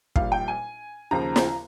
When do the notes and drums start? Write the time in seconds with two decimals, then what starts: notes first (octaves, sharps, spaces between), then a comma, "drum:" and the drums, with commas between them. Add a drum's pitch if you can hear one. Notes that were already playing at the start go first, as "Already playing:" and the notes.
0.16 A#1 A#2 G3 F5, drum: kick
0.32 G5
0.48 G#5
1.11 D#2 C#3 F3 A#5
1.36 drum: snare